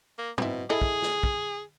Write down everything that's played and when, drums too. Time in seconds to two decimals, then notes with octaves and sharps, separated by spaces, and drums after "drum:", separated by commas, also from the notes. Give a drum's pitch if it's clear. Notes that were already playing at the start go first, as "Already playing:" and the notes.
0.19 A#3
0.38 B2 C4 E4, drum: tom
0.70 E4 G#4 A4 D#5
0.82 drum: kick
1.02 drum: snare
1.23 drum: kick